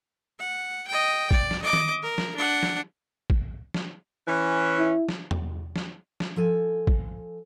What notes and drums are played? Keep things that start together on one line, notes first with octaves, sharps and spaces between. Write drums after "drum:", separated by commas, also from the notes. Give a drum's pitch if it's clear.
F#5
D#5 G5
D5, drum: kick
drum: snare
D#5 D6
drum: tom D#3
A#4
drum: snare
D4 F#5
drum: snare
drum: kick
drum: snare
E3 C#4
E4
drum: snare
drum: tom E2
drum: snare
drum: snare
F3 A4 G#5
drum: kick